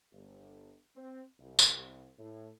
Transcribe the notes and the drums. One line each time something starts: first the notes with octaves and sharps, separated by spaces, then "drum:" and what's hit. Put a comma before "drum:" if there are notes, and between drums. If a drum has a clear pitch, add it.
G1
C4
C2
drum: tambourine
A2